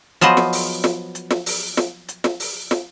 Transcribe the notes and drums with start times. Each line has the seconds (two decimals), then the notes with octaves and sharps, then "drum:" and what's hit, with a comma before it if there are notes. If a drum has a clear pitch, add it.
0.21 F3 F#3 B3 C5 D#5, drum: hi-hat
0.37 drum: snare
0.53 drum: open hi-hat
0.84 drum: snare
1.15 drum: hi-hat
1.31 drum: snare
1.46 drum: open hi-hat
1.77 drum: snare
2.09 drum: hi-hat
2.24 drum: snare
2.40 drum: open hi-hat
2.71 drum: snare